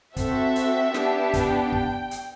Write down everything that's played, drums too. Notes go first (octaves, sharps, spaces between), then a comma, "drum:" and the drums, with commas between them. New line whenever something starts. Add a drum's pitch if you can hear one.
C4 F#4 A4 E5, drum: kick, hi-hat
drum: hi-hat
B3 D4 G4, drum: snare
G5, drum: kick, hi-hat
drum: kick
drum: hi-hat